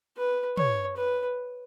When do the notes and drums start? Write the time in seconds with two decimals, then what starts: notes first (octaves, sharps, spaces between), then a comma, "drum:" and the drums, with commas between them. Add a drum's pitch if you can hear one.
0.18 B4
0.57 C#5, drum: tom
0.97 B4